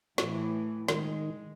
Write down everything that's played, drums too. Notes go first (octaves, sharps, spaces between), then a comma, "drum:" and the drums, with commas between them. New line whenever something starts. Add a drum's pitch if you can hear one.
A2 E3, drum: snare
D#3 G#3, drum: snare